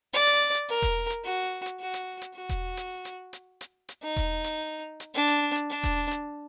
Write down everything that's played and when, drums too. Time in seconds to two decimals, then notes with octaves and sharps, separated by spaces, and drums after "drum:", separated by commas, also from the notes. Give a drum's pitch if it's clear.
0.13 D5
0.27 drum: hi-hat
0.55 drum: hi-hat
0.69 A#4
0.82 drum: kick E1, hi-hat
1.10 drum: hi-hat
1.24 F#4
1.66 drum: hi-hat
1.79 F#4
1.94 drum: hi-hat
2.22 drum: hi-hat
2.35 F#4
2.49 drum: kick E1, hi-hat
2.77 drum: hi-hat
3.05 drum: hi-hat
3.33 drum: hi-hat
3.61 drum: hi-hat
3.89 drum: hi-hat
4.03 D#4
4.16 drum: kick E1, hi-hat
4.44 drum: hi-hat
5.00 drum: hi-hat
5.14 D4
5.28 drum: hi-hat
5.56 drum: hi-hat
5.70 D4
5.83 drum: kick E1, hi-hat
6.11 drum: hi-hat